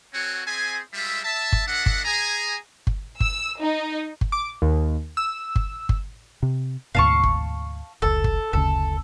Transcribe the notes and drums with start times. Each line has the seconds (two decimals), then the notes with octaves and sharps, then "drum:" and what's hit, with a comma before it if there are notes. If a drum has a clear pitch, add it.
0.14 C4 F#4 A4 C#5 F#5 G#5
0.46 C4 G#4 C5 E5 G#5
0.93 G3 G#3 F4 E5
1.24 E5 A5
1.52 drum: kick G1
1.67 D4 A4 D#5 E5 F#5
1.86 drum: kick G1
2.05 G#4 G#5 A#5
2.87 drum: kick G1
3.20 E6, drum: kick G1
3.61 D#4
4.21 drum: kick G1
4.32 D6
4.62 D#2
5.17 E6
5.56 drum: kick G1
5.89 drum: kick G1
6.43 C3
6.95 D2 G#2 B2 F5 A5 C#6
7.23 drum: kick G1
8.02 F1 C#2 A4
8.24 drum: kick G1
8.53 F#1 D2 C#3 A4